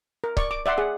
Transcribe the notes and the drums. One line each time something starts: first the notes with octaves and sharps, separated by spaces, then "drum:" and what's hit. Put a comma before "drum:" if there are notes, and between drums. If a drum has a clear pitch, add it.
A#4
D5 C#6, drum: kick C#1
D6
D5 E5 F#5 C6
G#4 F#5